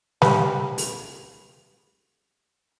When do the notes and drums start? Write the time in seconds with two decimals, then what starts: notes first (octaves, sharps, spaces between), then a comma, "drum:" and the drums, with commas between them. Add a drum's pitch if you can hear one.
0.22 G3 B4, drum: snare
0.78 drum: open hi-hat